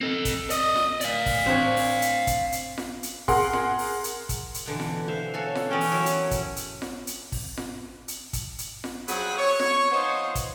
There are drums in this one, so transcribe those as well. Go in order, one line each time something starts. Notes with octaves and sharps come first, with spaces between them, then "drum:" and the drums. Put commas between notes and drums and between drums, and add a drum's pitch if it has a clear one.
C4 A4
drum: kick, hi-hat
D5 D#5, drum: hi-hat
drum: snare F4
D5 F5, drum: hi-hat
drum: kick, open hi-hat
C4 D4 C#5
drum: open hi-hat
drum: hi-hat
drum: kick, hi-hat
drum: hi-hat
drum: snare F4
drum: hi-hat
G#4 A#4 F#5 C6, drum: kick, open hi-hat
drum: snare F4
drum: open hi-hat
drum: hi-hat
drum: kick, hi-hat
drum: hi-hat
B2 D3 E3
drum: snare F4
C5 E5 F5
F#4 A4 C#5 F5 G#5
drum: snare F4
E2 B3 C#4 A4 G5
drum: open hi-hat
F#3 E4 A#4
drum: hi-hat
drum: kick, hi-hat
drum: hi-hat
drum: snare F4
drum: hi-hat
drum: kick, open hi-hat
drum: snare F4
drum: hi-hat
drum: kick, hi-hat
drum: hi-hat
drum: snare F4
G2 F#3 C4 G#4 F#5 B5, drum: hi-hat
C#5
drum: snare F4
F3 B3 D#4 C5
drum: kick, hi-hat